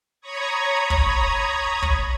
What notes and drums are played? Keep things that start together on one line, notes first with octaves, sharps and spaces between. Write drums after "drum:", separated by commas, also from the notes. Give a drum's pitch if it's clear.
C#5 A#5 B5 C#6 D#6 G#6
drum: kick
drum: kick